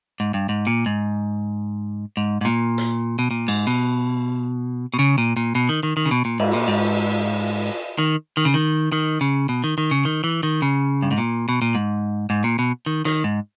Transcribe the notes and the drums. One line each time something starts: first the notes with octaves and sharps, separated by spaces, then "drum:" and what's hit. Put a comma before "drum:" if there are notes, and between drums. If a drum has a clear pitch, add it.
G#2
G2
G#2
A#2
G#2
G#2
G#2
A#2
drum: hi-hat
B2
A#2
G#2, drum: cymbal
B2
B2
C#3
A#2
A#2
B2
D#3
D#3
D#3
C#3
B2
A#2
G#2, drum: cymbal
A#2
G#2
D#3
D#3
C#3
D#3
D#3
C#3
B2
D#3
D#3
C#3
D#3
E3
D#3
C#3
G2
G#2
A#2
B2
A#2
G#2
G#2
A#2
B2
D#3
D#3, drum: hi-hat
G#2